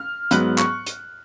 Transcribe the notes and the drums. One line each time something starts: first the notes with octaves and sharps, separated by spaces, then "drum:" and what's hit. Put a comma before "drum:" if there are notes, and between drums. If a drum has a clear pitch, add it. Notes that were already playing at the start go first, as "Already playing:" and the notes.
Already playing: F6
G#2 F#3 B3 F#6, drum: hi-hat
C#6, drum: clap
drum: hi-hat